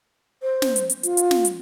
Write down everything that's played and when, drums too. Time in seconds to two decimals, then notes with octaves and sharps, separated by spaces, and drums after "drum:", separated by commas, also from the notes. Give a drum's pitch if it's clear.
0.42 C5
0.62 drum: snare
0.76 drum: hi-hat
0.90 drum: hi-hat
1.03 F4, drum: hi-hat
1.17 drum: hi-hat
1.31 drum: snare
1.45 drum: hi-hat